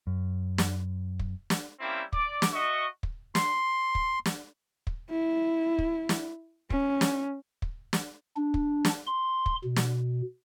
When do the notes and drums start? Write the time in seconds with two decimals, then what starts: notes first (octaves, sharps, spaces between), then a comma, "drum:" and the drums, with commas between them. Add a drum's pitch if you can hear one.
0.07 F#2
0.58 drum: snare
1.19 drum: kick
1.50 drum: snare
1.80 G3 A#3 C4 C#4 E4
2.13 D5 D6, drum: kick
2.42 drum: snare
2.52 F#4 D#5 E5 C#6
3.03 drum: kick
3.35 C6, drum: snare
3.95 drum: kick
4.26 drum: snare
4.87 drum: kick
5.10 E4
5.79 drum: kick
6.09 drum: snare
6.70 C#4, drum: kick
7.01 drum: snare
7.62 drum: kick
7.93 drum: snare
8.37 D4
8.54 drum: kick
8.85 drum: snare
9.07 C6
9.46 drum: kick
9.64 B2
9.76 drum: snare